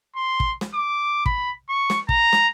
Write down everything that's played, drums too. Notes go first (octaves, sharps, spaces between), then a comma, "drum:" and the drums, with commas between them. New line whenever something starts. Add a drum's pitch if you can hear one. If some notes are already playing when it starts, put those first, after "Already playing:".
C6
drum: kick
drum: snare
D6
B5, drum: kick
C#6
drum: snare
A#5, drum: kick
drum: snare